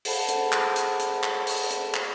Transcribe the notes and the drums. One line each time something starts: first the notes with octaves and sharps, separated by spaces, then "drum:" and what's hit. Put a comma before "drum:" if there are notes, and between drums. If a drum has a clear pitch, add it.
G#4 A4 C5 F#5 A5 B5, drum: open hi-hat
drum: hi-hat
drum: clap
drum: hi-hat
drum: hi-hat
drum: clap
drum: open hi-hat
drum: hi-hat
drum: clap